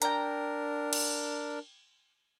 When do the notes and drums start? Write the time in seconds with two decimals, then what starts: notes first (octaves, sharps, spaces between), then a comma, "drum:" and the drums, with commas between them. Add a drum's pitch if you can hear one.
0.02 D4 A#4 G5 A#5, drum: hi-hat
0.93 drum: cymbal